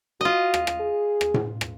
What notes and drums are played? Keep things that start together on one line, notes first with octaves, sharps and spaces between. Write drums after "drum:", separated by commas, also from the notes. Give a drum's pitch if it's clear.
F4 F#4 D#5
drum: rim click
drum: rim click
G#4
drum: rim click
drum: tom A2
drum: rim click